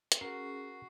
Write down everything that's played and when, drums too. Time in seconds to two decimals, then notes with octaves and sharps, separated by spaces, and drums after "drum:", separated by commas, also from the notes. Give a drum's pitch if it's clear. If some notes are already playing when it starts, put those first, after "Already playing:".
0.12 drum: hi-hat
0.21 C#4 F#4 G#4 A#4 C7